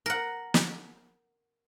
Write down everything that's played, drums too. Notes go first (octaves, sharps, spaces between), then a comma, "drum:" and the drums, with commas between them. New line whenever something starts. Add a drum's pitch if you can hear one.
A#4 F#5
drum: snare